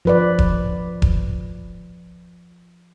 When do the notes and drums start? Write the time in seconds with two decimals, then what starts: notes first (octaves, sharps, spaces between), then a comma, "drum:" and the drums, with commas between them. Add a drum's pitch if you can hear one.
0.05 F3 B4 D5
0.39 drum: kick E1
1.02 drum: kick E1